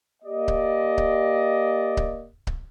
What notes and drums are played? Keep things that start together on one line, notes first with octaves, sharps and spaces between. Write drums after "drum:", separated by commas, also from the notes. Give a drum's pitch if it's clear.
A#3 G4 D5 D#5
drum: kick C#1
drum: kick C#1
drum: kick C#1
drum: kick C#1